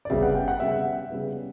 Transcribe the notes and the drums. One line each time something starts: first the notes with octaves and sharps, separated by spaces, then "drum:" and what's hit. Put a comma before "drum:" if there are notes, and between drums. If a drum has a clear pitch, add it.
D5
C#3 G3 B3 E5, drum: kick
F#5
G5
F#5
C#3 G3 B3 E5
F#5
C#3 G3 B3